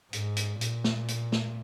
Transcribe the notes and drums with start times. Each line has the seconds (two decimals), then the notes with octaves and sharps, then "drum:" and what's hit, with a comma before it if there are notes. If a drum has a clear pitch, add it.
0.13 G#2, drum: hi-hat
0.37 drum: hi-hat
0.61 A#2, drum: hi-hat
0.84 drum: snare
1.08 drum: hi-hat
1.32 drum: snare